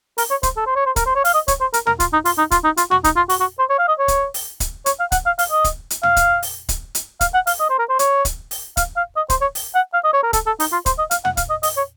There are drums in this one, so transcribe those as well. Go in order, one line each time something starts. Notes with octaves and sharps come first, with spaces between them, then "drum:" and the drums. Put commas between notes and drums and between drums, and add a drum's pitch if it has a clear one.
A#4, drum: open hi-hat
C#5
C5, drum: kick, hi-hat
A4
C5
C#5
C5
A#4, drum: kick, hi-hat
C5
C#5
F5, drum: open hi-hat
D#5
C#5, drum: kick, hi-hat
C5
A#4, drum: hi-hat
A#4, drum: tom
F4, drum: kick, hi-hat
D#4
F4, drum: open hi-hat
D#4
F4, drum: kick, hi-hat
D#4
F4, drum: hi-hat
F#4, drum: tom
D#4, drum: kick, hi-hat
F4
F#4, drum: open hi-hat
F#4
C5
C#5
F5
D#5
C#5
drum: kick, hi-hat
drum: open hi-hat
drum: kick, hi-hat
C#5, drum: hi-hat
F5
F#5, drum: kick, hi-hat
F5
F5, drum: open hi-hat
D#5
drum: kick, hi-hat
drum: hi-hat
F5, drum: tom
drum: kick, hi-hat
drum: open hi-hat
drum: kick, hi-hat
drum: hi-hat
F5, drum: kick, hi-hat
F#5
F5, drum: open hi-hat
D#5
C5
A#4
C5
C#5, drum: hi-hat
drum: kick, hi-hat
drum: open hi-hat
F5, drum: kick, hi-hat
F5
D#5
C5, drum: kick, hi-hat
C#5
drum: open hi-hat
F#5
F5
D#5
C#5
A#4
A4, drum: kick, hi-hat
A4
D#4, drum: open hi-hat
F4
C5, drum: kick, hi-hat
D#5
F5, drum: hi-hat
F#5, drum: tom
F5, drum: kick, hi-hat
D#5
D#5, drum: open hi-hat
C#5